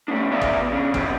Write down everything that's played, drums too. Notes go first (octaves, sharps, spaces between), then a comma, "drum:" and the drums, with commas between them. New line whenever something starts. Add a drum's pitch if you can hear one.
D3 G3 A3 C#4 D4
B3 A#4 B4 D5 E5 F5
drum: kick
C#3 C#4 D4
B2 F#3 G3 B3 C4, drum: kick